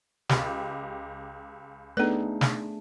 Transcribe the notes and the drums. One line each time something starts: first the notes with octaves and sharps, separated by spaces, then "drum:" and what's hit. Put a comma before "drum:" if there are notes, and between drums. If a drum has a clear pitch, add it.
C#2 G4, drum: snare
A3 B3 D4 D#4 G#4 A4 B4 D5
drum: snare